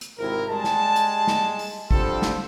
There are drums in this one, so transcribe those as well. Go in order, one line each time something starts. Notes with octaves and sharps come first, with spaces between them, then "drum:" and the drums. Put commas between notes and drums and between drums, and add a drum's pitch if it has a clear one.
drum: hi-hat
G#1 C3 E4 A#4
G3 G#3 A5
drum: snare
drum: hi-hat
drum: snare
drum: open hi-hat
D3 F3 G3 C4 F4 A4, drum: kick
drum: snare